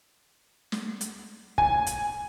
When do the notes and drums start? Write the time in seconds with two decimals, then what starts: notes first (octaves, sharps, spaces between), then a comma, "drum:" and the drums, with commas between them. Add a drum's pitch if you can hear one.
0.72 drum: snare
1.01 drum: hi-hat
1.58 G#5, drum: kick
1.87 drum: hi-hat